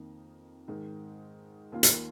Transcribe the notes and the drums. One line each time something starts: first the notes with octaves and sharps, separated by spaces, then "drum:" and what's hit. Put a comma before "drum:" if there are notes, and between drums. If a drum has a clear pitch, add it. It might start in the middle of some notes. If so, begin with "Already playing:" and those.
Already playing: F2 D#3 A#3 D#4
G#2 D#3 G#3
D#2 D#3 A#3 F4
drum: hi-hat